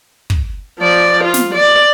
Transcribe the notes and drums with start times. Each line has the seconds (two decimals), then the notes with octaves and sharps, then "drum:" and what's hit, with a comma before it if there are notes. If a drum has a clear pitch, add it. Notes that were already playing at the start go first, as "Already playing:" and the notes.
0.30 drum: kick
0.80 F3 D5
1.24 F4
1.34 drum: snare
1.55 D5